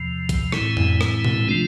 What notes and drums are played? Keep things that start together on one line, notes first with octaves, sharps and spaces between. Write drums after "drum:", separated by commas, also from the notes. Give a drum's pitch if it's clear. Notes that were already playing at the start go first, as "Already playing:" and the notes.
Already playing: E2 C3 F3
drum: kick A#1, hi-hat
A2 E3 G#3 C4 E4, drum: rim click
drum: tom F2
drum: rim click
drum: tom
C3 F3 A3 D4 F4